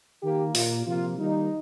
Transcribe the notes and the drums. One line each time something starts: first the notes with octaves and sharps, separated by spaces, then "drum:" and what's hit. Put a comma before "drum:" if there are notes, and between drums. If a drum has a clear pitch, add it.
D#3 A#3 G4
A#2 A#3 F4, drum: open hi-hat
C3 F3 A#3 F4
D#3 G3 A#3 D#4